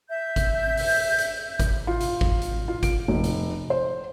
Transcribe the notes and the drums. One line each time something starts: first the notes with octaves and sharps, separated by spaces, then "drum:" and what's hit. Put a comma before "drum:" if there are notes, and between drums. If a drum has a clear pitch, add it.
E5 G6
drum: kick G#1, hi-hat
drum: open hi-hat
drum: hi-hat
drum: kick G#1, hi-hat
F4
drum: hi-hat
drum: kick G#1
drum: hi-hat
F4
D7, drum: kick G#1, hi-hat
F1
drum: hi-hat
C5